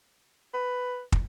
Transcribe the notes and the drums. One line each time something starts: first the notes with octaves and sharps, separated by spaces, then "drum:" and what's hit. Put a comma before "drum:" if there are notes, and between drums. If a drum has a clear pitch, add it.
B4
drum: kick